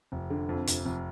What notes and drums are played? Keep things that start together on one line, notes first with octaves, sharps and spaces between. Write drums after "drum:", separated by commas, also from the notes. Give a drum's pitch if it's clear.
F1
D3
F2
F1, drum: hi-hat
F1